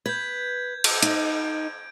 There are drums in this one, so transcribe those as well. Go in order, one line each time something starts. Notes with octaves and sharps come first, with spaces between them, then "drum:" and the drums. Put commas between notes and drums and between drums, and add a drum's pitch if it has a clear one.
B4 G6 G#6
drum: cymbal
D#4 D7, drum: hi-hat